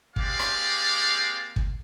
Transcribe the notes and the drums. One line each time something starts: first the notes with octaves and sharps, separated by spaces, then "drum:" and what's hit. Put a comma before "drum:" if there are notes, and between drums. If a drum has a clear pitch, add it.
G#3 A#3 C4 G4 D5 F5, drum: kick
drum: rim click
drum: kick